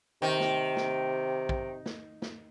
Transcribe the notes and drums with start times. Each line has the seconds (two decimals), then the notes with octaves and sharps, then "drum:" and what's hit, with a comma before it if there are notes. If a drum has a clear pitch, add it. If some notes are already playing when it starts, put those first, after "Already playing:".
0.22 C3 D#3
0.40 drum: snare
0.77 drum: snare
1.49 drum: kick
1.86 drum: snare
2.22 drum: snare